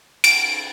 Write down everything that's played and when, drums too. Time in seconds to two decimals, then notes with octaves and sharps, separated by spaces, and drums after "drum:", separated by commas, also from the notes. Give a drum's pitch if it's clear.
0.24 D7, drum: cymbal